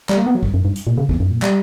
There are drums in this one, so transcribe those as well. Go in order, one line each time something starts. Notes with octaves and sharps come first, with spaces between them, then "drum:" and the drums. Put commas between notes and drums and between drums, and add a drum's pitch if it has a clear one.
G3, drum: clap
A#3
B3
F#3
G2, drum: kick
F#2
G2
drum: hi-hat
A#2
C#3
E2, drum: kick
F#2
A#2
G3, drum: clap